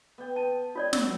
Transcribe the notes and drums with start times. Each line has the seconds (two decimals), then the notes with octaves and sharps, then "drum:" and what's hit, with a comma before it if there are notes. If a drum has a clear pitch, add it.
0.18 B3 G5
0.36 A5
0.75 F4 C#5 D5
0.93 F#3 F#4 E6, drum: snare